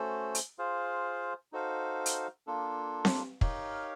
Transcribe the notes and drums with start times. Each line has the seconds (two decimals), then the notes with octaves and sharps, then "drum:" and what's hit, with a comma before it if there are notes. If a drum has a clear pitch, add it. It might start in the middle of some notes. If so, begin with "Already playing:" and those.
Already playing: A3 C#4 F#4 A4 C5
0.35 drum: hi-hat
0.58 F4 G#4 C5 F5
1.52 D#4 F#4 A4 C5 F5
2.06 drum: hi-hat
2.47 A#3 D4 F4 A4
3.05 drum: snare C4
3.41 D#4 G4 A#4 C#5 F5, drum: kick